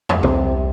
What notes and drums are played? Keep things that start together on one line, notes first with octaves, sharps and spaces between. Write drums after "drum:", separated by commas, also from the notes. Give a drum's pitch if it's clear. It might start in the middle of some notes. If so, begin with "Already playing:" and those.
drum: tom
C2 C3 C4, drum: tom